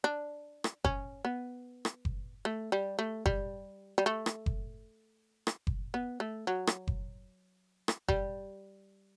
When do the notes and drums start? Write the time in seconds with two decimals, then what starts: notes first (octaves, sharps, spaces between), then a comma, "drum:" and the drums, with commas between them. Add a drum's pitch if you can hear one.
0.04 D4
0.64 drum: rim click
0.85 C#4, drum: kick F#1
1.25 B3
1.85 drum: rim click
2.05 drum: kick F#1
2.45 A3
2.72 G3
2.99 A3
3.26 G3, drum: kick F#1
3.98 G3
4.06 A3
4.26 drum: rim click
4.46 drum: kick F#1
5.47 drum: rim click
5.67 drum: kick F#1
5.94 B3
6.20 A3
6.47 F#3
6.67 drum: rim click
6.87 drum: kick F#1
7.88 drum: rim click
8.09 G3, drum: kick F#1